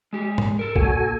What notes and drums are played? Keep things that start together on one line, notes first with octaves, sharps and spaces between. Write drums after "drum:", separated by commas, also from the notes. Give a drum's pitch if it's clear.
G#3 G4
drum: tom G#2
A4 A#4
A#2 F#4 A4 G#5, drum: kick